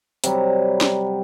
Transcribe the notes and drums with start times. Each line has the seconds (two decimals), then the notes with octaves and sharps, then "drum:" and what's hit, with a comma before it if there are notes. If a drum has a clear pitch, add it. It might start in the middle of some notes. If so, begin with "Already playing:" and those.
0.24 C3 F#3 G3, drum: hi-hat
0.81 drum: snare